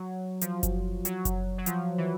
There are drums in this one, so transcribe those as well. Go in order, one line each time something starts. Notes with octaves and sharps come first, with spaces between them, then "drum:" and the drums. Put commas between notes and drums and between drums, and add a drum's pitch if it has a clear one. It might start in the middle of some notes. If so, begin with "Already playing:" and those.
Already playing: F#3
F3, drum: hi-hat
drum: kick F#1, hi-hat
F#3, drum: hi-hat
drum: kick F#1, hi-hat
F#3
F3, drum: hi-hat
E3